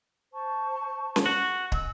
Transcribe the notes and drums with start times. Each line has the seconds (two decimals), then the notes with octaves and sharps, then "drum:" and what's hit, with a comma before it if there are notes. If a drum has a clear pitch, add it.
0.33 C5 A5 C#6
1.16 drum: snare C#4
1.26 F#4
1.72 D#5 G#5 E6, drum: kick